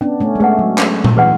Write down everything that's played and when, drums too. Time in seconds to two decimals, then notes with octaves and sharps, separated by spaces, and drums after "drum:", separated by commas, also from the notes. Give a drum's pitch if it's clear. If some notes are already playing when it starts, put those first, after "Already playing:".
0.01 B3 C#4 D4
0.20 A3 C#4
0.36 G#3
0.40 A3 G#4 B4 F#5
0.59 F#3
0.78 C#4, drum: clap
1.04 drum: tom A#2
1.17 E3 G#4 B4 F#5